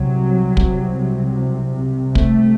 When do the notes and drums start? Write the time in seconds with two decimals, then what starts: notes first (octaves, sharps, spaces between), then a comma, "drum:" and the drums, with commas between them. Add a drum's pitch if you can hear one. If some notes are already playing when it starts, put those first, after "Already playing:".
Already playing: C2 C3 F#3
0.57 drum: kick
2.15 A3, drum: kick